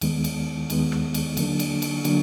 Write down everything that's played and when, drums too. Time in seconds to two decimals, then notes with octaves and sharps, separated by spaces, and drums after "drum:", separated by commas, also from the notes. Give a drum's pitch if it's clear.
0.01 D#2 D#3 G#3 B3, drum: cymbal
0.24 drum: cymbal
0.70 D#2 D#3 G#3 B3, drum: cymbal
0.92 drum: rim click
1.14 drum: cymbal
1.37 D3 F#3 A#3 D4, drum: cymbal
1.59 drum: cymbal
1.82 drum: cymbal
2.05 D3 F#3 A#3 D4, drum: cymbal